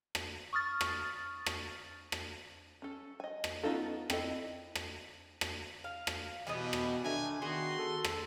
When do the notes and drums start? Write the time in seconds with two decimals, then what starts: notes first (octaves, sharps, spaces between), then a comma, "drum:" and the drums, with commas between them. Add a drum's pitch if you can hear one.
0.15 drum: rim click
0.53 C#6 D#6 F6 A6
0.81 drum: rim click
1.46 drum: rim click
2.12 drum: rim click
2.82 C#4 A4
3.20 D#5 G#5
3.44 drum: rim click
3.63 B3 C#4 D#4 F4 A4
4.10 C4 E4 A4 D#5, drum: rim click
4.75 drum: rim click
5.41 drum: rim click
5.84 F5
6.07 drum: rim click
6.47 B2 E3 G3 B3 D#5
6.73 drum: rim click
7.04 D#3 A3 D4 G#5
7.42 D#3 B3 F#4 G#4 C6
7.78 A4
8.04 drum: rim click